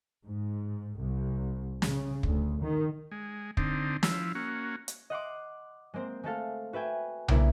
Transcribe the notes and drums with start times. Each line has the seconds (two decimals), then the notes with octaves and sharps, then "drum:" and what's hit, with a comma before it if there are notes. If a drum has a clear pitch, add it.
0.27 G#2
1.02 C2
1.82 C#3, drum: snare
2.23 D2, drum: kick
2.62 D#3
3.11 G#3
3.57 D3 C4 D#4, drum: kick
4.03 F3 E4, drum: snare
4.35 A#3 C#4 F#4
4.88 drum: hi-hat
5.10 D#5 F#5 C6 D6
5.94 G#3 A#3 C4 C5
6.23 G#3 A3 A4 F5
6.73 F#4 B4 E5 G5 G#5
7.28 C#3 A#3 C4 D4 E4, drum: tom B1